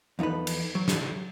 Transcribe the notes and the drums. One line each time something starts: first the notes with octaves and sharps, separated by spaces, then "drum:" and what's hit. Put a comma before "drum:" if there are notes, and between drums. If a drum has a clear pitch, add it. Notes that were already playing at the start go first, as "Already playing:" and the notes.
E2 F3 D#4 A4 B4
drum: cymbal
F#3
drum: snare